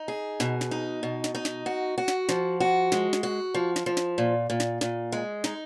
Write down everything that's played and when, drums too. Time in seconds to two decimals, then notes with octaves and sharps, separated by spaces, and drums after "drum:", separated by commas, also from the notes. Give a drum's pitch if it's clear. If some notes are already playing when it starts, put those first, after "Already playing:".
Already playing: D#4
0.08 G#4
0.40 B2, drum: snare
0.61 drum: snare
0.71 D#4
1.03 B2
1.24 drum: snare
1.35 D#4
1.45 drum: snare
1.66 F#4
1.98 F#4
2.08 drum: snare
2.29 F3, drum: snare
2.60 F#4
2.92 G#3, drum: snare
3.13 drum: snare
3.23 F#4
3.54 F3
3.76 drum: snare
3.86 F3
3.97 drum: snare
4.18 A#2
4.50 A#2
4.60 drum: snare
4.81 A#2, drum: snare
5.12 G#3
5.44 D#4, drum: snare